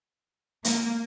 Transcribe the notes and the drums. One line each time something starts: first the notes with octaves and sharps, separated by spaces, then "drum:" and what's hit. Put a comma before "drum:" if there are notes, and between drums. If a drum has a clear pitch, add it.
A#3, drum: hi-hat